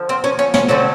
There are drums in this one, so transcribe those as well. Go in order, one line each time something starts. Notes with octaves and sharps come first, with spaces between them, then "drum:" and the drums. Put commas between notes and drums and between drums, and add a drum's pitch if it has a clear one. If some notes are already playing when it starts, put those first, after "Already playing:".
Already playing: D3 F3
C4
C#4
C#4
C#4, drum: snare
D3 F#3 A3 C4 C#4